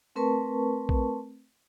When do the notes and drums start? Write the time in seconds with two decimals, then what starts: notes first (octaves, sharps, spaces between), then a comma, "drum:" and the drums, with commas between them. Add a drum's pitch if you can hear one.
0.16 A3 C4 A#4 B4 A5 C#6
0.89 drum: kick